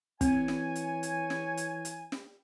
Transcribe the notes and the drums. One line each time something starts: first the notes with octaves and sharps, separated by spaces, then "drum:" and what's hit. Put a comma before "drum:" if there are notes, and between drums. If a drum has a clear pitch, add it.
E3 C4 C#5 G#5, drum: kick, hi-hat
drum: snare
drum: hi-hat
drum: hi-hat
drum: snare
drum: hi-hat
drum: hi-hat
drum: snare